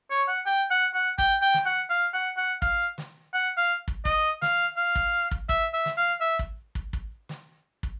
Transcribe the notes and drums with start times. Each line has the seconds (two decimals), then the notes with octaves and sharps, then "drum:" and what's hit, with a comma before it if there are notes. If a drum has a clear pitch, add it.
0.10 C#5
0.28 F#5
0.46 G5
0.71 F#5
0.94 F#5
1.18 G5, drum: kick
1.41 G5
1.54 drum: snare
1.66 F#5
1.90 F5
2.14 F#5
2.37 F#5
2.62 F5, drum: kick
2.98 drum: snare
3.34 F#5
3.57 F5
3.88 drum: kick
4.05 D#5, drum: kick
4.42 F5, drum: snare
4.77 F5
4.95 drum: kick
5.31 drum: kick
5.49 E5, drum: kick
5.73 E5
5.85 drum: snare
5.97 F5
6.21 E5
6.39 drum: kick
6.75 drum: kick
6.93 drum: kick
7.29 drum: snare
7.83 drum: kick